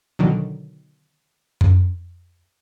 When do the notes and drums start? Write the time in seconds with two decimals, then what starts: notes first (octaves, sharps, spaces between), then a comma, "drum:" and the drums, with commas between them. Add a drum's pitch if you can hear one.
0.19 B2 D3 D#3 F#3
1.61 drum: tom F2